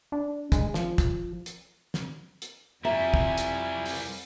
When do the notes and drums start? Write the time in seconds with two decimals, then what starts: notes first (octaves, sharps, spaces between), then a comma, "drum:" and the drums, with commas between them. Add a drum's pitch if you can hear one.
0.12 D4
0.52 G#3, drum: kick, hi-hat
0.74 F3, drum: snare
0.98 drum: kick, hi-hat
1.46 drum: hi-hat
1.94 drum: snare
2.42 drum: hi-hat
2.85 F2 G3 E4 E5 G#5 A#5
3.14 drum: kick
3.38 drum: hi-hat
3.85 drum: open hi-hat